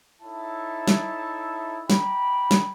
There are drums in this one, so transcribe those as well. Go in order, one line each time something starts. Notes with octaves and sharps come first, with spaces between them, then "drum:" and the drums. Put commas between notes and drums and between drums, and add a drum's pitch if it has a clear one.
D#4 E4 A4 C#5 E5 A5
drum: snare
D5 G5 A#5 B5, drum: snare
drum: snare